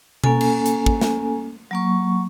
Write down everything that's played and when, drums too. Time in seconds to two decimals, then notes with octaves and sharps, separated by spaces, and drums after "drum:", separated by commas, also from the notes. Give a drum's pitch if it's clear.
0.24 A#3 C#4 A4 G#5, drum: tom B2
0.41 drum: cymbal
0.66 drum: hi-hat
0.86 drum: kick
1.01 drum: snare
1.71 F#3 A#3 C#6